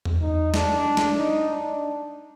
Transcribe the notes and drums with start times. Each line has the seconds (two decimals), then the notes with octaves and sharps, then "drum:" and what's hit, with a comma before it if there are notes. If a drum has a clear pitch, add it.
0.05 drum: tom E2
0.21 D#4
0.54 D4, drum: snare
0.97 drum: snare
1.17 D#4
1.49 D4